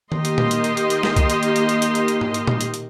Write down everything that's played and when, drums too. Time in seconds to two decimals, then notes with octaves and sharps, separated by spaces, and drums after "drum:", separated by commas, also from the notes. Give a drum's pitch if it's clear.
0.12 D#3 A#3 G4 D#5 C6, drum: tom D#3
0.25 drum: hi-hat
0.38 drum: tom
0.51 drum: hi-hat
0.64 drum: hi-hat
0.77 drum: hi-hat
0.90 drum: hi-hat
1.03 drum: snare
1.16 drum: kick C2, hi-hat
1.30 drum: hi-hat
1.43 drum: hi-hat
1.56 drum: hi-hat
1.69 drum: hi-hat
1.82 drum: hi-hat
1.95 drum: hi-hat
2.08 drum: hi-hat
2.21 drum: tom G#2
2.34 drum: hi-hat
2.47 drum: tom
2.61 drum: hi-hat
2.74 drum: hi-hat